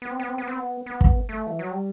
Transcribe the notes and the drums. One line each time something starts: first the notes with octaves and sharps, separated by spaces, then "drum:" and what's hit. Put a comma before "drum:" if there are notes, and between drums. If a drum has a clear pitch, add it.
B3
C4
B3
C4
B3
C4
B3
B3
drum: kick
A3
E3
F#3
G3